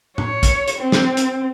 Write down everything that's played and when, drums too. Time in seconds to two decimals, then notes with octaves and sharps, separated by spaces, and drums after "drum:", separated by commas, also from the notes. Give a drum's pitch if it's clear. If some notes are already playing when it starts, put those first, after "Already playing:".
0.18 C#5, drum: tom A2
0.43 drum: kick, hi-hat
0.68 drum: hi-hat
0.78 C4
0.92 drum: snare
1.17 drum: hi-hat